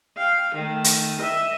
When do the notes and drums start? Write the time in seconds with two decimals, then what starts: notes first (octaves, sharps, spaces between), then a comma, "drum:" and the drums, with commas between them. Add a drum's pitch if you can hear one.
0.17 F5 G5
0.55 D#3 A3
0.84 drum: hi-hat
1.19 D#5 E5